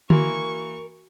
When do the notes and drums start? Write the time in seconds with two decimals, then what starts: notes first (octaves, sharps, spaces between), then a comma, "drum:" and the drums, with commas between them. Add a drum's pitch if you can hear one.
0.10 E3 A#3 F#4 A#4 C#6, drum: tom D3